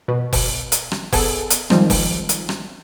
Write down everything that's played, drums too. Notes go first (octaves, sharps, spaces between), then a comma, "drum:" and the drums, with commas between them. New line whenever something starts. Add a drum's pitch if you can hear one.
B2
drum: kick F1, open hi-hat
drum: hi-hat
drum: rim click
B3 G#4 A4, drum: kick F1, open hi-hat
drum: hi-hat
D#3 F3 G3 G#3 C4, drum: rim click
drum: kick F1, open hi-hat
drum: hi-hat
drum: rim click